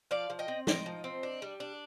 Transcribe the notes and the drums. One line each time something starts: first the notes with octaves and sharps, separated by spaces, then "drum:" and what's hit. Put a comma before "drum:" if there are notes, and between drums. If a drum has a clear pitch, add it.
F3 D5 F5
F3
D#5 G5
C4
D#4 D#5 G5, drum: snare
F3
C4
D4
G3
D4